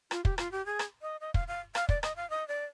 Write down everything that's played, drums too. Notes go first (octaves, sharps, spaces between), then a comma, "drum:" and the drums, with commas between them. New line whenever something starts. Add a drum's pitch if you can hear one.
F4, drum: rim click
G4, drum: kick
F4, drum: rim click
G4
G#4
drum: rim click
D#5
D#5
F5, drum: kick
F5
F5, drum: rim click
D5, drum: kick
D#5, drum: rim click
F5
D#5
D5